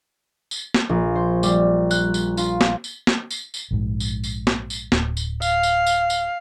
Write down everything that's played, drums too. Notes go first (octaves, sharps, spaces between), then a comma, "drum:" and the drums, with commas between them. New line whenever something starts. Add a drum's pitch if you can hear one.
drum: tambourine
drum: snare
A#1
C5
G3, drum: tambourine
F#6, drum: tambourine
drum: tambourine
F4, drum: tambourine
drum: snare
drum: tambourine
drum: snare
drum: tambourine
drum: tambourine
A#1 G#2
drum: tambourine
drum: tambourine
drum: snare
drum: tambourine
D1, drum: snare
drum: tambourine
F5, drum: tambourine
drum: tambourine
drum: tambourine
drum: tambourine